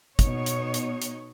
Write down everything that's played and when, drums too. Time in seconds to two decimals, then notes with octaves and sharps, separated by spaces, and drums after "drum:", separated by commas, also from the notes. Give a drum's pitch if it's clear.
0.19 B2 D#4 C#5, drum: kick, hi-hat
0.46 drum: hi-hat
0.74 drum: hi-hat
1.02 drum: hi-hat